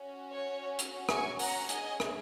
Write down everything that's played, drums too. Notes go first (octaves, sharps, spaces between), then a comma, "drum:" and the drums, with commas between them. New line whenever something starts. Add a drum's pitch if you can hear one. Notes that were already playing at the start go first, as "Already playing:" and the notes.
Already playing: C#4 F#4
C#5
drum: hi-hat
G#5 C#6, drum: rim click
F#5 A#5, drum: open hi-hat
C#4 G#4 D#5 G#5, drum: hi-hat
drum: rim click